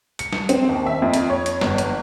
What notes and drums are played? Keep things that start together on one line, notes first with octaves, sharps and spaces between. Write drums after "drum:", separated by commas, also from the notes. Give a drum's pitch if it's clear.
C#7, drum: hi-hat
drum: snare
C4, drum: hi-hat
D#2
E5
F2
drum: hi-hat
C#5
drum: hi-hat
G1, drum: snare
drum: hi-hat